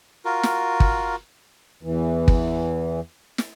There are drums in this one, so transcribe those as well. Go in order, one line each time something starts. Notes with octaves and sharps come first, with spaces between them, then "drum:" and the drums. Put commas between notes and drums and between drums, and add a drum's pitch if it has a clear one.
F4 F#4 A#4
drum: snare
drum: kick
E2 E3
drum: kick
drum: snare